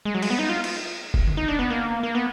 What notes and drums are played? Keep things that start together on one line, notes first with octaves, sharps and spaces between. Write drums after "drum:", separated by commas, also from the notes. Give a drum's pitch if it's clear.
G#3
F#3
G#3, drum: cymbal
B3
D#4
F4
drum: cymbal
drum: kick F1
drum: tom D3
D#4
D4
B3
A#3
A#3
B3